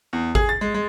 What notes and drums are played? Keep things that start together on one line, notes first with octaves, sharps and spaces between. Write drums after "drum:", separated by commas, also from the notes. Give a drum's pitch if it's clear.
E2
G#4, drum: kick G#1
A6
G#3
G#3